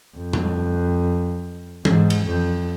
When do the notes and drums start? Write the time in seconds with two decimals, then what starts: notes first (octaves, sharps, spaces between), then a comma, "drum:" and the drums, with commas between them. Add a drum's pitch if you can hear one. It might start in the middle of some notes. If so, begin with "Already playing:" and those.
0.17 F2
0.33 drum: tom A2
1.85 G#2, drum: tom E3
2.10 drum: cymbal
2.27 F2